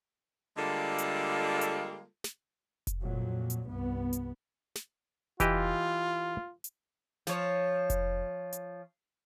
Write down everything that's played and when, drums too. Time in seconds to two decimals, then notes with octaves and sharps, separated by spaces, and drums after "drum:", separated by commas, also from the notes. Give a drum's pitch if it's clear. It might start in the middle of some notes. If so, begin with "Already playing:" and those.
0.57 D3 G3 G#3 A#3 F4 A4
0.98 drum: hi-hat
1.61 drum: hi-hat
2.24 drum: snare
2.87 drum: kick F1, hi-hat
3.01 F2 A#2 F#3
3.50 drum: hi-hat
3.68 C2 G2 B3
4.13 drum: hi-hat
4.75 drum: snare
5.40 E3 F4 G4 D#5, drum: kick F1, hi-hat
6.64 drum: hi-hat
7.27 F3 C#5, drum: snare
7.90 drum: kick F1, hi-hat
8.53 drum: hi-hat